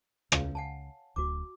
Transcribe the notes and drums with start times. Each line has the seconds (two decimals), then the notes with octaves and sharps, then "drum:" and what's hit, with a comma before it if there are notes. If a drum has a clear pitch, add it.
0.32 C#2 C#3 C#5 F5, drum: rim click
0.55 F#5 G#5 A5
1.16 D1 D2 F#4 D6